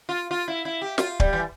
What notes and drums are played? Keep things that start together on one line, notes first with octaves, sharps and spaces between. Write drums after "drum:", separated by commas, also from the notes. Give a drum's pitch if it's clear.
F4
F4
E4
E4
G4
F4, drum: snare
G3, drum: kick
E3